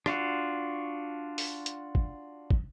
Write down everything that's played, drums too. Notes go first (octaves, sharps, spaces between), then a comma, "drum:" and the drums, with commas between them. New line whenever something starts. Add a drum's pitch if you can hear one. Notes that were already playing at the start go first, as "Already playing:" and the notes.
D4 F4 F#4, drum: rim click
drum: open hi-hat
drum: hi-hat
drum: kick
drum: kick